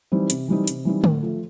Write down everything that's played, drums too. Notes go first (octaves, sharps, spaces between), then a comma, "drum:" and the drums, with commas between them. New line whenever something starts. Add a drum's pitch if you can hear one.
E3 G3 C4 D#4
C3, drum: hi-hat
E3 G3 C4 D#4
C3, drum: hi-hat
E3 G3 C4 D#4
A2, drum: tom D3
F3 A3